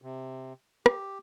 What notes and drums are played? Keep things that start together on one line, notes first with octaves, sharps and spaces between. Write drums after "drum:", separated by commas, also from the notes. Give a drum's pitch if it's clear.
C3
G4, drum: rim click